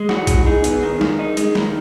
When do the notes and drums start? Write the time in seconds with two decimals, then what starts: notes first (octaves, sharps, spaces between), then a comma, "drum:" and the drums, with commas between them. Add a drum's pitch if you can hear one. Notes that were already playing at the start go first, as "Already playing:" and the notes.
Already playing: G#3
0.09 E3 F#4, drum: snare
0.27 E3, drum: kick A#1, hi-hat
0.46 D#4 G#4
0.64 B3, drum: hi-hat
0.83 D#3
1.01 D#3, drum: snare
1.19 D#4
1.37 G#3, drum: hi-hat
1.55 D#3, drum: snare